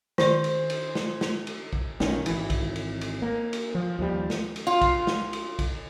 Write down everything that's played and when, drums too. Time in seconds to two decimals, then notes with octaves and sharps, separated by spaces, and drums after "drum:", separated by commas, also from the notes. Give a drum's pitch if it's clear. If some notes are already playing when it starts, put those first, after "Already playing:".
0.18 D#3 C5 D5, drum: snare
0.44 drum: cymbal
0.70 drum: cymbal
0.95 drum: snare
1.21 drum: snare
1.47 drum: cymbal
1.73 drum: kick
2.00 B1 D#3 C#4, drum: snare
2.26 G#1 E3, drum: cymbal
2.50 drum: kick, cymbal
2.76 drum: cymbal
3.01 drum: cymbal
3.22 A#3
3.53 drum: cymbal
3.75 F3
3.99 D#2 F3 G3
4.30 drum: snare
4.56 drum: cymbal
4.67 F4
4.81 drum: kick, cymbal
5.07 drum: snare
5.33 drum: cymbal
5.59 drum: kick, cymbal